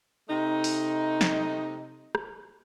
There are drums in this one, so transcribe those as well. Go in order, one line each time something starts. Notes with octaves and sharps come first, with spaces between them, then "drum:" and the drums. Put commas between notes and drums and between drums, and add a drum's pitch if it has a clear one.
C3 A3 D#4
drum: open hi-hat
drum: snare
drum: rim click